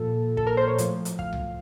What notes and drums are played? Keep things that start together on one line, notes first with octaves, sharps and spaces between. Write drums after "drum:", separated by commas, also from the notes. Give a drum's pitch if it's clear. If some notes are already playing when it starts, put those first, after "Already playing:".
Already playing: A#2 F3 A4
A4, drum: kick
A#4
C5
C#5
A2 F3, drum: hi-hat
drum: hi-hat
F5, drum: kick
drum: tom C2